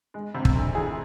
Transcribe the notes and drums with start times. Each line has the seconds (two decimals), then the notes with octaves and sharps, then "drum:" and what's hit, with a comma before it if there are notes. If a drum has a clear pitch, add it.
0.14 G#3
0.34 C3
0.45 drum: kick
0.55 D2
0.75 E3 G#4